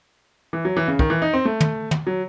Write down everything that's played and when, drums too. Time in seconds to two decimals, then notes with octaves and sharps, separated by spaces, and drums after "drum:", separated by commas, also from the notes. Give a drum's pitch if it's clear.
0.53 E3
0.65 F#3
0.77 E3
0.88 C#3
0.99 D#3, drum: kick
1.10 E3
1.22 D#4
1.33 C4
1.45 A3
1.60 drum: tom
1.91 drum: tom
2.07 F#3